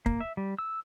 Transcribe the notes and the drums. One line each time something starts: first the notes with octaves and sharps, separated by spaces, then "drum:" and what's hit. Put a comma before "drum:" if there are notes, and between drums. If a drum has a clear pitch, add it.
A#3, drum: kick
E5
G3
E6